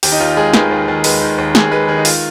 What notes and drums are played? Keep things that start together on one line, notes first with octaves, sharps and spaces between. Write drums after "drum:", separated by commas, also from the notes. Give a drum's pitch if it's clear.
D#2 G4, drum: open hi-hat
D#4
D#2 F4
G#3 G#4
D#3 B4, drum: snare
D#2
D#2
G#3 B4, drum: open hi-hat
D#3
D#2
D#2 G#4, drum: snare
G#3 B4
D#3 G#4
D#4
F4, drum: open hi-hat